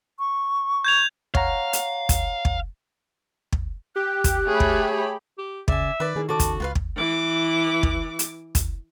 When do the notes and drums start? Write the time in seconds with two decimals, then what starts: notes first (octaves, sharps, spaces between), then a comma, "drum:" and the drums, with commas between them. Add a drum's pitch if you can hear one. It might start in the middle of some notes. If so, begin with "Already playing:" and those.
0.19 C#6
0.85 G6 G#6 F7
1.35 C#5 F5 F#5 A#5, drum: kick
1.73 drum: hi-hat
2.09 drum: kick, hi-hat
2.45 drum: kick
3.53 drum: kick
3.96 G4 F#6
4.24 drum: kick, hi-hat
4.47 A3 G#4 C#5 B5
4.60 drum: kick
5.38 G4
5.68 C#3 D5 E5 G#5, drum: kick
6.00 D#3 B4 D5
6.16 D#3 E4 G#4 A#4
6.29 C#3 F#4 A4 A5 D6
6.40 drum: kick, hi-hat
6.60 C#2 F4 B4 F5
6.75 drum: kick
6.96 E3 D6
7.83 drum: kick
8.19 drum: hi-hat
8.55 drum: kick, hi-hat